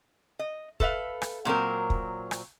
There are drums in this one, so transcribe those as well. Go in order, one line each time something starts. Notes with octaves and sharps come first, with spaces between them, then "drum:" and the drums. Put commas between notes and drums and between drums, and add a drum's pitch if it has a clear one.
D#5
A4 B4 E5 F5, drum: kick
drum: rim click
A#2 F#3 C4 A#4
drum: kick
drum: rim click